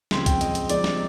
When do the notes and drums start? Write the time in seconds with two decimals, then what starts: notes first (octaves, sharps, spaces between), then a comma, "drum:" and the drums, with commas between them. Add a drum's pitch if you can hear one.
0.11 C#3 F3 G#3 C4 F4 C6, drum: snare
0.26 G5, drum: kick B1, hi-hat
0.41 D#5, drum: hi-hat
0.55 drum: hi-hat
0.69 F3 G#3 C4 D#4 D5, drum: hi-hat
0.84 drum: snare